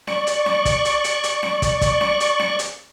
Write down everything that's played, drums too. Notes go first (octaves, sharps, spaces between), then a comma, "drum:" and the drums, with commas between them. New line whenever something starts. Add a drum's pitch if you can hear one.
D5 C#6, drum: snare C#4
drum: hi-hat
drum: snare C#4
drum: kick, hi-hat
drum: hi-hat
drum: hi-hat
drum: hi-hat
drum: snare C#4
drum: kick, hi-hat
drum: kick, hi-hat
drum: snare C#4
drum: hi-hat
drum: snare C#4
drum: hi-hat